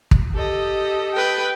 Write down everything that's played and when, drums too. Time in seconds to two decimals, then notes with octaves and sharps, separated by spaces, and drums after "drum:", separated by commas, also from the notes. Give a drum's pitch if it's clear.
0.11 drum: kick
0.32 G4 A4 D#5
1.13 B4 G5